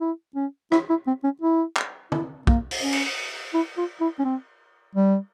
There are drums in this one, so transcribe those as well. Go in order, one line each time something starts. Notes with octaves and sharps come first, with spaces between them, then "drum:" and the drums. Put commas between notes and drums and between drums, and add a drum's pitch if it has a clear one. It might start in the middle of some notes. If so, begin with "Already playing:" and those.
E4
C#4
E4, drum: rim click
E4
C4
C#4
E4
drum: clap
E4, drum: tom
A#3, drum: kick
drum: open hi-hat
C#4
drum: cymbal
E4
F4
E4
C#4
C4
G3